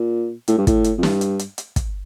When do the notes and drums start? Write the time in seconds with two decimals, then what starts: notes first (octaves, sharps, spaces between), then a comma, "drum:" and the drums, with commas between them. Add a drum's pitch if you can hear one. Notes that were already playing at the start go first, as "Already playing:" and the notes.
Already playing: A#2
0.48 A2, drum: hi-hat
0.58 G2
0.67 A2, drum: kick, hi-hat
0.84 drum: hi-hat
0.98 F2
1.03 G2, drum: snare
1.21 drum: hi-hat
1.39 drum: hi-hat
1.58 drum: hi-hat
1.76 drum: kick, hi-hat